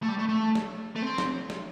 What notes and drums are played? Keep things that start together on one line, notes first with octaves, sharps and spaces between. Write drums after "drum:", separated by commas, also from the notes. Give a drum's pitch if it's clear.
A3
G3
A3
A3
drum: snare
A3
C4
drum: snare
drum: snare